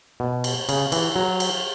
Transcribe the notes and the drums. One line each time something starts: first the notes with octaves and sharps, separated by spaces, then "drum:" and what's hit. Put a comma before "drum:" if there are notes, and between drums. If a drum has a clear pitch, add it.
B2
drum: cymbal
C#3, drum: cymbal
E3, drum: cymbal
F#3
drum: cymbal